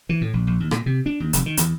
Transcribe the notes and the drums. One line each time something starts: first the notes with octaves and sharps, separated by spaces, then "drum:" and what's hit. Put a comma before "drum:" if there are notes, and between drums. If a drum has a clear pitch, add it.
E3
A2
A#1
A#1
D#2
A#2, drum: rim click
C3
D4
D#2
F1, drum: hi-hat
D#3
E2, drum: hi-hat